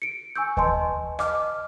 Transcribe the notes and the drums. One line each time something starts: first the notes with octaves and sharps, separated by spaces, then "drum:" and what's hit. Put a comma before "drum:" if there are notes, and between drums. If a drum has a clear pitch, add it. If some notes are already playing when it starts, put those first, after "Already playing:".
C#7 D7
G#5 C#6 E6 G6
B4 D#5 G#5 A5 C6, drum: kick D#2
D#5 D6 F6, drum: rim click